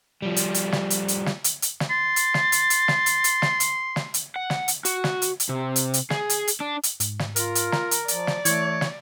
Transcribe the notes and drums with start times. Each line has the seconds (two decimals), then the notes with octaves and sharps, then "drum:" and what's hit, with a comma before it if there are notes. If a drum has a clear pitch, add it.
0.22 F3 G3
0.36 drum: hi-hat
0.54 drum: hi-hat
0.72 drum: snare
0.90 drum: hi-hat
1.08 drum: hi-hat
1.26 drum: snare
1.44 drum: hi-hat
1.62 drum: hi-hat
1.80 drum: snare
1.90 C6 A6
2.16 drum: hi-hat
2.34 drum: snare
2.52 drum: hi-hat
2.70 drum: hi-hat
2.88 drum: snare
3.06 drum: hi-hat
3.24 drum: hi-hat
3.42 drum: snare
3.60 drum: hi-hat
3.96 drum: snare
4.14 drum: hi-hat
4.36 F#5
4.50 drum: snare
4.68 drum: hi-hat
4.85 F#4, drum: hi-hat
5.04 drum: snare
5.22 drum: hi-hat
5.40 drum: hi-hat
5.49 C3
5.76 drum: hi-hat
5.94 drum: hi-hat
6.10 G#4, drum: snare
6.30 drum: hi-hat
6.48 drum: hi-hat
6.60 D4
6.83 drum: hi-hat
7.00 G#2, drum: hi-hat
7.19 drum: snare
7.36 F4 A#4, drum: hi-hat
7.55 drum: hi-hat
7.72 A#5, drum: snare
7.91 drum: hi-hat
8.08 F3 D5, drum: hi-hat
8.27 drum: snare
8.45 E3 A3 C#5, drum: hi-hat
8.81 drum: snare